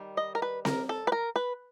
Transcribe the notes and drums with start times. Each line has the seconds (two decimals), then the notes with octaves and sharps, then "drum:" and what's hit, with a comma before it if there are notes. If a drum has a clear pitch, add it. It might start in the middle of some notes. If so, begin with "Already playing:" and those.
Already playing: D#3 G3
0.17 D#5
0.35 A#4
0.42 B4
0.65 A#4, drum: snare C4
0.89 A4
1.07 B4
1.12 A#4
1.36 B4